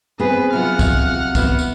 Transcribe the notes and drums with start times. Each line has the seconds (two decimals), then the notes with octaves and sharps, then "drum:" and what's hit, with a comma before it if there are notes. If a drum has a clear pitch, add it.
0.19 B3 C4 G#4 B4
0.53 C3 F#3 F4 F#5 F6
0.79 drum: kick, tambourine
1.35 B3 E4, drum: kick, tambourine
1.59 drum: tambourine